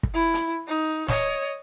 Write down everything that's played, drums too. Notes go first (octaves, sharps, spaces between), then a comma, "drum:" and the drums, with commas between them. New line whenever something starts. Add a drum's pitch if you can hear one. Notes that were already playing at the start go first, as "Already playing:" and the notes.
drum: kick
E4
drum: hi-hat
D#4
C#5 D#5, drum: snare